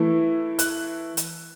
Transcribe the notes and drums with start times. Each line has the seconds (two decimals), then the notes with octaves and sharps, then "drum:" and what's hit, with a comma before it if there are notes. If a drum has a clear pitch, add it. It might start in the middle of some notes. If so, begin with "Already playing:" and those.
Already playing: E3 A3 E4
0.59 F#6, drum: hi-hat
1.17 drum: hi-hat